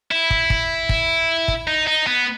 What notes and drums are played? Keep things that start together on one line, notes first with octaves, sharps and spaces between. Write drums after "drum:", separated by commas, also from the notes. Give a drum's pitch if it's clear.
E4
drum: kick
drum: kick
drum: kick
drum: kick
D#4
D#4
B3